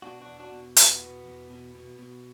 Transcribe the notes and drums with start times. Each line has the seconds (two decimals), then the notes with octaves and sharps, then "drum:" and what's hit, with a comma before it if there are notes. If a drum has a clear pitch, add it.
0.02 B2 D4 F#4
0.22 D4 F#4
0.28 E2
0.40 D4 F#4
0.52 B2
0.76 E2 B3, drum: hi-hat
1.01 B2
1.25 E2
1.50 B2
1.75 B2
1.99 B2